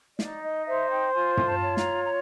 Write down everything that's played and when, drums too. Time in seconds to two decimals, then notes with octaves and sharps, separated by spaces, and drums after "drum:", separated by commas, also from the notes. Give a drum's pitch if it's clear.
0.19 D#4 D5, drum: snare
0.43 D#5
0.66 C5 E5
0.90 G5
1.13 F4 G#5
1.37 G#5, drum: tom
1.45 A5
1.61 C#5
1.77 A#5, drum: snare
2.05 A#5